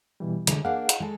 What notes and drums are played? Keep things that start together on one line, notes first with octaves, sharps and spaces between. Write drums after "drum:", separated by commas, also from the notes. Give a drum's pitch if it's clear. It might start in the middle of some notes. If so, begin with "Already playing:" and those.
B2 E3 G3
D3 G#3, drum: hi-hat
A#3 D4 G#4 F5 F#5
drum: hi-hat
G#3 A4